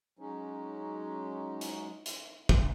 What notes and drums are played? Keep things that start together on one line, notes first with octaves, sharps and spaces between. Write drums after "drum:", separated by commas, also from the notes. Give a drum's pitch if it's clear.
F#3 G#3 C#4 D#4
drum: hi-hat
drum: hi-hat
drum: kick